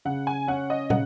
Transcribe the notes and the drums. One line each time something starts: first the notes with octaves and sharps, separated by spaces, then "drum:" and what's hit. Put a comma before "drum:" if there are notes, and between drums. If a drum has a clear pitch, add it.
C#3 F#5
G#5
C#4 F#5
D#5
C#3 F#5, drum: tom